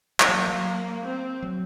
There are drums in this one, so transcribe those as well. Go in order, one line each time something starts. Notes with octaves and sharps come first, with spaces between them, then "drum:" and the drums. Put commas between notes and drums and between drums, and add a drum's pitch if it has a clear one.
G3, drum: clap
F#3 A#3
F#3
C4
F#3